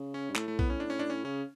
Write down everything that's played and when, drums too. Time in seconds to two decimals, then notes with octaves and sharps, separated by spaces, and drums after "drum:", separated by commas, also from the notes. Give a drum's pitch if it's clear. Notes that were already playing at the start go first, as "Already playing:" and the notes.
Already playing: C#3
0.14 C#4
0.30 G2
0.36 A2 A3, drum: clap
0.48 A3
0.59 B3, drum: kick B1
0.70 C#4
0.80 D4
0.90 C#4
0.99 D4
1.10 C#4
1.25 C#3 C#4